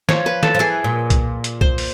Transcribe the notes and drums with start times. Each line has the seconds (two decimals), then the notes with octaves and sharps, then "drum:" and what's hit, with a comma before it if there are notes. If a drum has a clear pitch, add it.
0.09 F3 C#5, drum: snare
0.26 B4
0.43 A4, drum: snare
0.55 F3
0.59 E3 G#4
0.84 A#2
1.10 drum: kick B1, hi-hat
1.44 drum: hi-hat
1.61 C5, drum: kick B1
1.78 drum: open hi-hat